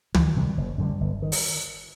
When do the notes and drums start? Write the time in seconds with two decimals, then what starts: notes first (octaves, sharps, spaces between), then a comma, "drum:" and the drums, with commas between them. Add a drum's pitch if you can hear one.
0.14 D2, drum: tom
0.36 C3 D#3 G3
0.57 F#1
0.78 F#2 D3 G3
1.01 G1
1.22 D#3
1.32 drum: open hi-hat